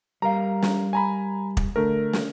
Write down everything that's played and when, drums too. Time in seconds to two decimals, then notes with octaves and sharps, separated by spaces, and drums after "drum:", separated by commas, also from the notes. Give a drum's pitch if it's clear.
0.22 G3 A#4 F5 A#5
0.63 drum: snare
0.93 G#5 A#5 B5
1.57 drum: kick
1.76 D3 A3 A#4
2.13 drum: snare